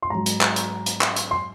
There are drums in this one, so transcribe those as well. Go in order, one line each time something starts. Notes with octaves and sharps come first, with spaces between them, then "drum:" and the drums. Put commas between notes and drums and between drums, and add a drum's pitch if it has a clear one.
C6
G#2 F#3 A#5
drum: hi-hat
drum: clap
drum: hi-hat
drum: hi-hat
drum: clap
drum: hi-hat
C6